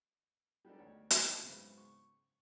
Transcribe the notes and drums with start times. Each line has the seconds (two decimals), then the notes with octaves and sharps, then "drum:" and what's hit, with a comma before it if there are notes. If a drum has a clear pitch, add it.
0.65 G3 G#3 B3 D4 D#4 A4
0.78 D2 C#5 D5
1.11 drum: hi-hat
1.41 G#2 C#3 F#3 B3 C4
1.78 C#6